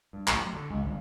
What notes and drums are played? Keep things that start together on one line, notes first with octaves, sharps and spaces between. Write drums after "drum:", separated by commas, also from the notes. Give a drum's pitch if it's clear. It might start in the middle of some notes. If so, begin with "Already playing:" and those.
G2
A1, drum: clap
F#2
D3
C#2
G1